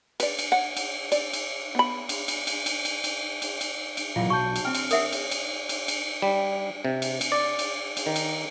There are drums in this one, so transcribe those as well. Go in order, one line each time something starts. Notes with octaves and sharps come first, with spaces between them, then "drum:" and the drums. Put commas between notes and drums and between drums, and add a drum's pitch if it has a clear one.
B4 D5, drum: cymbal
drum: cymbal
C#5 F#5
drum: cymbal
D5, drum: cymbal
drum: cymbal
B3 B5
drum: cymbal
drum: cymbal
drum: cymbal
drum: cymbal
drum: cymbal
drum: cymbal
drum: cymbal
drum: cymbal
D7, drum: cymbal
A#2 E3 F#3 F4 F5
B1 F#4 A5 C#6 G6
drum: cymbal
C4 G5 F6
drum: cymbal
A#4 E5 F#5 D#6, drum: cymbal
drum: cymbal
drum: cymbal
drum: cymbal
drum: cymbal
G3
C3
drum: cymbal
drum: cymbal
D5
drum: cymbal
drum: cymbal
D#3
drum: cymbal